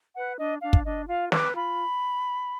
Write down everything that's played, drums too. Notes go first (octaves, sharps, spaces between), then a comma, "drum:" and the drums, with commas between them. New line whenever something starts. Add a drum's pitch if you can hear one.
B4 F#5
D4 D#5
D4 F5
drum: kick
D4 D#5
F4 F5
B4 D6, drum: snare
F4 B5